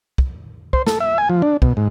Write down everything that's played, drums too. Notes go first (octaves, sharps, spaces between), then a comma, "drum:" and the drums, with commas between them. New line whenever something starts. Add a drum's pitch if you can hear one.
drum: kick
C5, drum: kick
A4, drum: snare
E5
G#5
F3
D4
B2, drum: kick
G#2